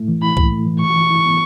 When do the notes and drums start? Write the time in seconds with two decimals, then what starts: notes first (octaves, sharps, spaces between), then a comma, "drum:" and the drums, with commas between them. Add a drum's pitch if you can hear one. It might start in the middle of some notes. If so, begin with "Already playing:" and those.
Already playing: A2 A3 E4
0.08 E3
0.22 E4 B5
0.37 A2, drum: kick C2
0.52 A3
0.66 E3
0.81 E3 C#6
0.96 E3
1.10 E4
1.25 B3